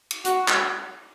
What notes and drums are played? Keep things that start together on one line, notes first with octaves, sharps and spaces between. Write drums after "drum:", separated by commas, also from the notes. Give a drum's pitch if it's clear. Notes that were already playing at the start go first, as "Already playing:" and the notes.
drum: cymbal
F#4, drum: hi-hat
drum: clap